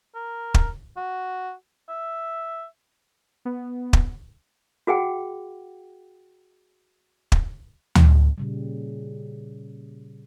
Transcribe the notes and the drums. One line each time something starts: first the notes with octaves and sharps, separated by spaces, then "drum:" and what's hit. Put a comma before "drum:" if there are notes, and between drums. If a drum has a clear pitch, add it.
A#4
drum: kick
F#4
E5
B3
drum: kick
F#4 G#4 F#5 G5
drum: kick
drum: tom D2
A#2 C#3 G3